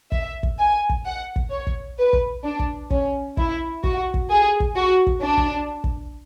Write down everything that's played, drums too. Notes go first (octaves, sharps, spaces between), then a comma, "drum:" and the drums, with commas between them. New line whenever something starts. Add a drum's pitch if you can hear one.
E5, drum: kick
drum: kick
G#5
drum: kick
F#5
drum: kick
C#5
drum: kick
B4
drum: kick
D4
drum: kick
C#4, drum: kick
E4, drum: kick
F#4, drum: kick
drum: kick
G#4
drum: kick
F#4
drum: kick
D4
drum: kick
drum: kick